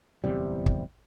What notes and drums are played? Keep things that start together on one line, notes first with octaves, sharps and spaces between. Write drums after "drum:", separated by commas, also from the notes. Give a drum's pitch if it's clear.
D1 E2 C3 G3
drum: kick